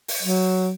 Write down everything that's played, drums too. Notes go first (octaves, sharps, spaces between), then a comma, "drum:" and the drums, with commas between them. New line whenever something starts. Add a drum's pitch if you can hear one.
drum: open hi-hat
F#3